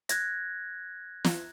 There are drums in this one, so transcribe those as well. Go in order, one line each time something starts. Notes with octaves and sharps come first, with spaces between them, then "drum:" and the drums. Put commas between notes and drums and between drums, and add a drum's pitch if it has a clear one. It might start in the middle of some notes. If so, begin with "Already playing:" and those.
F#6 G#6 A#6, drum: hi-hat
drum: snare